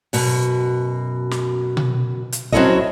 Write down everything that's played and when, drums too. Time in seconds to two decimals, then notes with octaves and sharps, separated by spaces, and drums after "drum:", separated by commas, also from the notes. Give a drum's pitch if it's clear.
0.13 F#2 B2, drum: open hi-hat
1.31 drum: snare
1.77 drum: tom B2
2.32 drum: hi-hat
2.52 F#3 C4 C#4 E4 A4 D#5, drum: kick